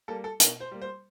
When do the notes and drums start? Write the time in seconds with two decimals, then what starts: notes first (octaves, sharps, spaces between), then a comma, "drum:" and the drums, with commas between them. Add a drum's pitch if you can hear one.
0.08 G3 A#3 A4
0.24 A4
0.40 B2 A#4, drum: hi-hat
0.60 C5
0.71 G3 A#3
0.82 C5